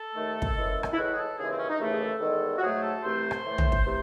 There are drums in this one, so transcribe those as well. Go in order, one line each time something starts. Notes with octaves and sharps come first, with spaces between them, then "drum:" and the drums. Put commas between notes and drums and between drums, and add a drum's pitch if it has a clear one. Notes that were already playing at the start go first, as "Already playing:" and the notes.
Already playing: A4
D#2 D#3 A3
drum: kick
F#2 E3 G#3
drum: rim click
E4
A2 E3 G#3 F#4
G#4
A4
D#2 C#3 E3 G#3 G#4
C4
C#4
D#4
D#2 C#3 E3 A3
G#4
A4
E2 D#3 G#3
F#4
G#2 F#3 A3 G#4
A4
C2 C3 E3 A3 C5
drum: rim click
A2 E3 A3
drum: tom
drum: kick
C3 E3 A3